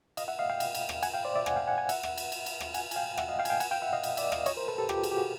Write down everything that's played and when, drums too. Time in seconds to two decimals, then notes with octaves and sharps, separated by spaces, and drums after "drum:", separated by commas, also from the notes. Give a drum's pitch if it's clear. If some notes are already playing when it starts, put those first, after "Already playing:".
0.17 D#5 F5, drum: cymbal
0.28 E5 F#5
0.39 D#5 F5
0.50 F5 G5
0.60 drum: cymbal
0.75 drum: cymbal
0.89 drum: rim click
1.03 F#5 G#5, drum: cymbal
1.13 F5 G5
1.25 C5 D5
1.35 D5 E5
1.46 F#5 G#5, drum: rim click
1.56 F5 G5
1.67 F#5 G#5
1.78 F#5 G#5
1.89 E5 F#5, drum: cymbal
2.03 drum: rim click
2.18 drum: cymbal
2.32 drum: cymbal
2.46 drum: cymbal
2.60 drum: rim click
2.74 F#5 G#5, drum: cymbal
2.91 G#5, drum: cymbal
2.96 F5 G5
3.17 E5 F#5, drum: rim click
3.28 D#5 F5
3.39 F5 G5
3.45 G#5, drum: cymbal
3.50 F5 G5
3.60 F#5 G#5, drum: cymbal
3.71 F5 G5
3.82 E5 F#5
3.93 D#5 F5
4.03 drum: cymbal
4.17 D5 E5, drum: cymbal
4.32 D#5 F5, drum: rim click
4.46 C#5 D#5, drum: cymbal
4.57 A#4 C5
4.68 A4 B4
4.78 G4 A4
4.89 F4 G4, drum: rim click
5.03 F#4 G#4, drum: cymbal
5.12 G4
5.17 F#4 G#4